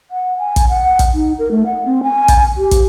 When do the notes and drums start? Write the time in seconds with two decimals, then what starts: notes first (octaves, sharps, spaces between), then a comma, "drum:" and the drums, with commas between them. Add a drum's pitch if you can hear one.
0.11 F#5
0.38 G#5
0.56 drum: kick, hi-hat
0.69 F#5
0.99 drum: kick, hi-hat
1.14 D#4
1.39 A#4
1.51 A3
1.66 F#5
1.85 C4
2.03 G#5
2.28 drum: kick, hi-hat
2.57 G4
2.71 drum: kick, hi-hat